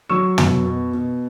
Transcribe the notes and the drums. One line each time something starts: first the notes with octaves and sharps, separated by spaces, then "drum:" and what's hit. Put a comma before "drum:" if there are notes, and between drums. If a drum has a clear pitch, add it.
F#3 C#6 E6
B2, drum: tom
B2
B2